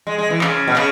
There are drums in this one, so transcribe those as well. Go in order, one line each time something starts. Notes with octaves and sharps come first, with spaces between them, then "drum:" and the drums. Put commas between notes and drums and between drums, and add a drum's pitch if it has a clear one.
G#3
G#3
E3
C#3, drum: clap
B2
C#3, drum: clap